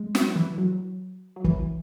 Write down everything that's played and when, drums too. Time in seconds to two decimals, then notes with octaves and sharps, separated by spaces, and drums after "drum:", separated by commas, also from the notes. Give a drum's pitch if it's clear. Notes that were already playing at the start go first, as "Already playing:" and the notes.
Already playing: G#3
0.15 F#3, drum: snare
0.36 E3
0.58 F#3
1.36 F#3
1.44 E3, drum: kick